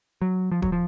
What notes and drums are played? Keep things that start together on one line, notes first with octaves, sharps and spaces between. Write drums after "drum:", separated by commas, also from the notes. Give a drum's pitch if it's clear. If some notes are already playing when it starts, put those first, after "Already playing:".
F#3
F3
F#3, drum: kick D#1
F3